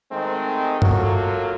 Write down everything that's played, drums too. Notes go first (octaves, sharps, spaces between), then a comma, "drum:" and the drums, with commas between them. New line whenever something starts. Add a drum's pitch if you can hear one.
D#3 G#3 A3 C4
F#3 A3 A#3 F4 F#4, drum: tom